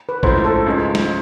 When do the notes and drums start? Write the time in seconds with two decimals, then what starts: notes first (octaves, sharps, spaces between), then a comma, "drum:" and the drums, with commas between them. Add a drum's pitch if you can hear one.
0.09 B4
0.23 G#2 F3 A3 C#4 E4 C5, drum: kick A#1
0.45 A4
0.66 C#2 C#3 F3 G#3
0.95 drum: snare